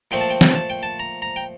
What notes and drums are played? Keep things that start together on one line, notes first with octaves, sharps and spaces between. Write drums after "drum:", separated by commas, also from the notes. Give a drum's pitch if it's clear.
A#2 F3 A3 C4 G5
A5
G5
drum: snare
A5
G5
A5
A#5
A#5
G5